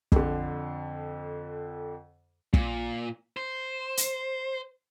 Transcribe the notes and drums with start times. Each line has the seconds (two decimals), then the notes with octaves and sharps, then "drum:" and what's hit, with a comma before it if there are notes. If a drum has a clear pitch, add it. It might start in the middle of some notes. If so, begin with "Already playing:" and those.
0.12 F2 D3, drum: kick
2.54 A#2, drum: kick
3.37 C5
3.97 drum: hi-hat